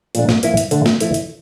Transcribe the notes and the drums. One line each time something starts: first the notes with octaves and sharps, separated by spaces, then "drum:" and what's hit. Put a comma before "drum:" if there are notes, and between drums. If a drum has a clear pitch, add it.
A#2 F3 A3 D4, drum: hi-hat
drum: snare
F3 A#3 E4, drum: hi-hat
drum: hi-hat
D3 A3 D4, drum: hi-hat
drum: snare
F3 A3 E4, drum: hi-hat
drum: hi-hat